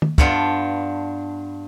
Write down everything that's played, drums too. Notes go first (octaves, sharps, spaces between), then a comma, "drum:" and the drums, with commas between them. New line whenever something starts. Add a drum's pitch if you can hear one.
drum: tom
G2 B3 D4 F4, drum: kick